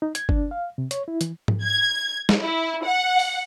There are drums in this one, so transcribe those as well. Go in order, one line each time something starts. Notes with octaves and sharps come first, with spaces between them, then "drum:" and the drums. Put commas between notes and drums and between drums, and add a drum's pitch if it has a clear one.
D#4
G#6, drum: hi-hat
D4, drum: kick
F5
C3
C#5, drum: hi-hat
E4
E3, drum: hi-hat
drum: tom G#2
G#6
drum: snare
E4
F#5
drum: open hi-hat